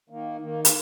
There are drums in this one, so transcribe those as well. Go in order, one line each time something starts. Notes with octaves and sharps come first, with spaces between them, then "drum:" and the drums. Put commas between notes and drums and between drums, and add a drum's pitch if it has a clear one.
D#3 A#3
D#3 A#3
A#3, drum: hi-hat